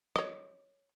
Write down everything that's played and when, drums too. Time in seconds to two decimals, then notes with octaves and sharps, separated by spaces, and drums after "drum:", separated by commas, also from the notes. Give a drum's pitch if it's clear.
0.16 C#5 D#5, drum: rim click